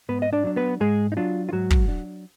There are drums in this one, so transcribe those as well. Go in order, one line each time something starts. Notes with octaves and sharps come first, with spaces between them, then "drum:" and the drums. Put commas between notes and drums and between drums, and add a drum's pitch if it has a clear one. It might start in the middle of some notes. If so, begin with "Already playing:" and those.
G#2 B3 B4
D#5
D4 D5
F#3 D4
B3 B4
G#2 G#3 G#4
D#4
F#3 D4 F4
F4
G#2 F#3 F#4
drum: kick
F#3 D4